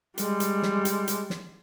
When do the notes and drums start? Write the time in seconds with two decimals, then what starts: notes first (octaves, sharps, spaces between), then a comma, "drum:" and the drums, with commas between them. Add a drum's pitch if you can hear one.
0.18 G3 G#3, drum: hi-hat
0.40 drum: hi-hat
0.63 drum: snare
0.85 drum: hi-hat
1.08 drum: hi-hat
1.30 drum: snare